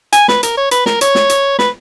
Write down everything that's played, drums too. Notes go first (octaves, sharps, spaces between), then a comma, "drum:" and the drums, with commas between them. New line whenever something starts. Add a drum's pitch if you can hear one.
G#5, drum: hi-hat
B4, drum: snare
A#4, drum: hi-hat
C#5
B4, drum: hi-hat
A#4, drum: snare
C#5, drum: hi-hat
drum: snare
drum: hi-hat
B4, drum: snare